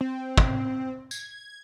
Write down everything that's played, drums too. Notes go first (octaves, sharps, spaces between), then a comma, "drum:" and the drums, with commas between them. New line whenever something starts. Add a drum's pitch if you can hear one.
C4
drum: kick
G#6, drum: tambourine